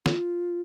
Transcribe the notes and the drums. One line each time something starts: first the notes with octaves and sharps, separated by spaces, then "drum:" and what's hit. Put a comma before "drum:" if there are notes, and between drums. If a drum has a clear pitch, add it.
F4, drum: snare